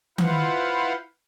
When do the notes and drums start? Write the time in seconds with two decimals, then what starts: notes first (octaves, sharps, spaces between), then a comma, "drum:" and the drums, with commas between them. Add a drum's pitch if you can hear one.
0.18 E4 F4 B4 C5 F5 F#5, drum: tom D#3